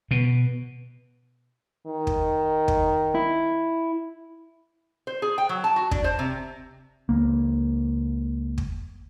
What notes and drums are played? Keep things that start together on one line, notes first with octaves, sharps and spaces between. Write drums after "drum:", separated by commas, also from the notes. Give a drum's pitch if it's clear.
B2
D#3
drum: kick
drum: kick
E4
C5
G#4
G5
F#3
A5
F#4
D4, drum: kick
C5
C3
C#2 A#3
drum: kick